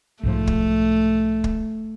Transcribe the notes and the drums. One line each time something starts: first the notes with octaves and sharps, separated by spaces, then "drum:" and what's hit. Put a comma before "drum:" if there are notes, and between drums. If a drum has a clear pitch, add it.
B1 G#2 F3 A3
drum: kick
drum: kick